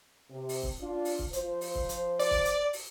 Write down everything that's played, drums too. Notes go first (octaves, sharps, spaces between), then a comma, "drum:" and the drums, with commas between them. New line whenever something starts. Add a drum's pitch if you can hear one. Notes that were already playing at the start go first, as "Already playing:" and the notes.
C3
drum: open hi-hat
drum: kick
D4 F4
drum: open hi-hat
drum: kick
F3 C5, drum: hi-hat
drum: open hi-hat
drum: kick
drum: hi-hat
D5, drum: open hi-hat
drum: kick
drum: hi-hat
drum: open hi-hat